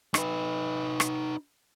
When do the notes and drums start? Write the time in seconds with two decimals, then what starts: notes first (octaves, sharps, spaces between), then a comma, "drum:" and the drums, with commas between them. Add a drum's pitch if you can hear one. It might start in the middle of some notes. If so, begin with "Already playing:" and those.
0.14 D#4 B4, drum: rim click
1.00 drum: rim click